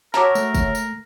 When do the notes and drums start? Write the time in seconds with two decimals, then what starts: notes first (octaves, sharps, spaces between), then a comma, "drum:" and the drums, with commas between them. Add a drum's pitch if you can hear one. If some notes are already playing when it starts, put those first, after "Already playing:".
0.14 F#4 A#4 C#5 E5 A5 A#5 D6, drum: snare
0.35 A3, drum: tambourine
0.55 drum: kick, tambourine
0.75 drum: tambourine